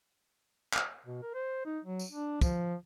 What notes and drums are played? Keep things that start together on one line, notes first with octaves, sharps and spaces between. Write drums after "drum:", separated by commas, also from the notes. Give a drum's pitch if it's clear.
drum: clap
B2
A#4
C5
D#4
F#3
drum: tambourine
D4
F3, drum: kick, tambourine